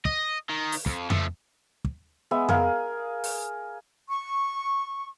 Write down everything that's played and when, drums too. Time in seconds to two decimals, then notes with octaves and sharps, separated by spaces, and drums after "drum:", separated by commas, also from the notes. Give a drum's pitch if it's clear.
0.05 D#5, drum: kick
0.50 D#3
0.72 drum: open hi-hat
0.86 F2, drum: kick
1.10 F3 A3, drum: tom F2
1.85 drum: kick
2.31 G#3 B3 E5
2.49 G#4 A#4 F5, drum: tom F2
3.24 drum: open hi-hat
4.09 C#6